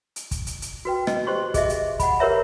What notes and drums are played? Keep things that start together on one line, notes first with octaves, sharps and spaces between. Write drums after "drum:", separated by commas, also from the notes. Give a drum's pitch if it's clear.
drum: hi-hat
drum: kick, hi-hat
drum: hi-hat
drum: hi-hat
F#4 B4 G5
D#5, drum: rim click
G4 C5 C6 C#6
G#4 D#5 E5, drum: kick, hi-hat
drum: hi-hat
F#5 B5, drum: kick, hi-hat
G4 A#4 B4 C#5 E5 A#5